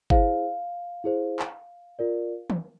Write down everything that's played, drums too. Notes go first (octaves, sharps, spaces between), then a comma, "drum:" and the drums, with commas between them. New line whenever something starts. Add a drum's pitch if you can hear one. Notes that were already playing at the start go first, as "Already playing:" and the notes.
E4 G#4 C5 F5, drum: kick G1
E4 G#4 C5
drum: clap
F4 A#4 D5
drum: tom D#3